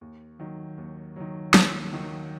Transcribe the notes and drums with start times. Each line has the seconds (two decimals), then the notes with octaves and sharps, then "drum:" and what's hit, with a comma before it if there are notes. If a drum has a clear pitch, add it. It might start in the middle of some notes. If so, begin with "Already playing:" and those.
0.01 D#2
0.39 D#3 F#3
0.77 D#2
1.16 D#3 F#3
1.54 D#2, drum: snare
1.93 D#3 F#3